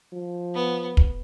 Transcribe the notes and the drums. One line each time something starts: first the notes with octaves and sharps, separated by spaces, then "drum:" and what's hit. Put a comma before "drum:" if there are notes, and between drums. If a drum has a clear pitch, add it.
F3
B3
drum: kick